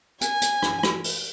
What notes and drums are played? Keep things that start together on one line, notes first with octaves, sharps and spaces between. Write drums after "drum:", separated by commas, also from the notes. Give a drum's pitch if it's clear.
G#5, drum: hi-hat
drum: hi-hat
drum: rim click
drum: rim click
drum: open hi-hat